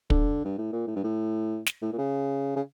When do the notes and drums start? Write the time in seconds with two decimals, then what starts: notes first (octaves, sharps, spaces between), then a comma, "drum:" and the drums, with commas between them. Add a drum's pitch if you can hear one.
0.10 D3, drum: kick
0.45 G2
0.58 A2
0.72 A#2
0.87 A2
0.96 G2
1.04 A2
1.66 drum: snare
1.82 A2
1.93 A#2
1.98 C#3
2.56 C#3